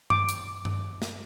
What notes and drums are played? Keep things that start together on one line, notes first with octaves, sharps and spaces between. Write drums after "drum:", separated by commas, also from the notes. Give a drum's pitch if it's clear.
D6, drum: tom G2
drum: hi-hat
drum: tom G2
drum: snare